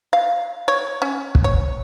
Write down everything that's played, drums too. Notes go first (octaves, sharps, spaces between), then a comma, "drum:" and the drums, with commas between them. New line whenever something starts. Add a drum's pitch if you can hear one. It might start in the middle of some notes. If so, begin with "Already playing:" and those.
F5
C#5
C#4
drum: kick
C#5